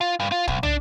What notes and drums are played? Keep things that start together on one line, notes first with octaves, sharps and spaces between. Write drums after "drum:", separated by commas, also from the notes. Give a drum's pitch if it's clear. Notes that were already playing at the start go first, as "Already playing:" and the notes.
F4
G2
F4
B1, drum: kick
D4, drum: tom